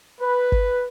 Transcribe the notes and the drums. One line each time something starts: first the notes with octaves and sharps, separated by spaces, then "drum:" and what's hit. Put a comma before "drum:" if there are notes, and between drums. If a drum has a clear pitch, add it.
B4
drum: kick G#1